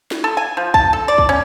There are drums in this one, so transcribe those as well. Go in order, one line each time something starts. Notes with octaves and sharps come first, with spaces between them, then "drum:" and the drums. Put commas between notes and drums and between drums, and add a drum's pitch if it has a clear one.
drum: snare
A4
G#5
F3
A5, drum: kick
A4
D5
drum: kick
C#4